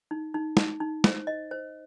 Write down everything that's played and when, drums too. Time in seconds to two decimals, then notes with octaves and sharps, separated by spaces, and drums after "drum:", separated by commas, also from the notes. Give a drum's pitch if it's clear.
0.11 D#4
0.34 D#4
0.57 D#4, drum: snare
0.80 D#4
1.04 C5, drum: snare
1.27 D#5
1.51 C5